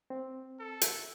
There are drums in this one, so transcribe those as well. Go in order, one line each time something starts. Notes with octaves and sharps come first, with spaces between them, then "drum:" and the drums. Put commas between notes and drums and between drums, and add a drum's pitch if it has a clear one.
C4
A4
drum: hi-hat